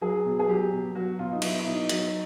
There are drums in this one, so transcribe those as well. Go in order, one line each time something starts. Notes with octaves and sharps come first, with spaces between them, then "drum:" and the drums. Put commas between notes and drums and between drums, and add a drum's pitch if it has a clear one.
F#3 G#4
B2
G#4
F#3 G4
B2
F#3 F#4
B2 F4
D#4
F#3 E4, drum: cymbal
E4
B2 D#4
F#3, drum: hi-hat